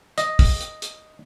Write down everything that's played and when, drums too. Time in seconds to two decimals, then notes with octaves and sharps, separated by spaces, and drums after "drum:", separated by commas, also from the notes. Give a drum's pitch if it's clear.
0.18 D#5, drum: hi-hat
0.39 drum: kick, open hi-hat
0.61 drum: hi-hat
0.82 drum: hi-hat